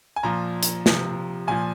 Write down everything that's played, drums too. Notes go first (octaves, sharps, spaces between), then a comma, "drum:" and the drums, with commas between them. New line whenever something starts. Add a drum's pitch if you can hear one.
G#5
A#2 F3 A#5
drum: hi-hat
C3 F3, drum: snare
A#2 F3 G#5